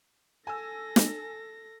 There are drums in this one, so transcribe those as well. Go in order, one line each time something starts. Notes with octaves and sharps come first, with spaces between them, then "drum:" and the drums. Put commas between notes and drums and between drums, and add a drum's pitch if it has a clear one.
A4 G#5 E6 A#6
drum: snare